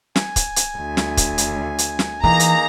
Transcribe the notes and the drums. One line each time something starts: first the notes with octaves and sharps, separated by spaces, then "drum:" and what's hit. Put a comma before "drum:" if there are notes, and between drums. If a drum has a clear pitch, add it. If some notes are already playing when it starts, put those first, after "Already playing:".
G#5, drum: snare
drum: kick, hi-hat
drum: hi-hat
D2
drum: snare
drum: kick, hi-hat
drum: hi-hat
drum: hi-hat
drum: snare
E3 A#3 D#4 G#4 A#5
drum: hi-hat